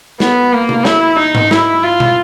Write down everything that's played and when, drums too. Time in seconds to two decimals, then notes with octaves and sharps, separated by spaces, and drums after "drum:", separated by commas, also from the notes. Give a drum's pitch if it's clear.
0.20 B3, drum: snare
0.53 A#3
0.69 drum: tom C3
0.85 E4, drum: snare
1.19 D#4
1.35 drum: tom G#2
1.51 E4, drum: snare
1.83 F4
2.00 drum: tom B2